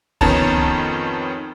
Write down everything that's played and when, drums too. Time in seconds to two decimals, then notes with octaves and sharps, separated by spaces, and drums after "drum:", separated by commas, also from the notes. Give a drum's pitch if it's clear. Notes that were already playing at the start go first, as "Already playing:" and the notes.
0.21 F2 D#3 B3 C#4 A5 A#5, drum: kick C#2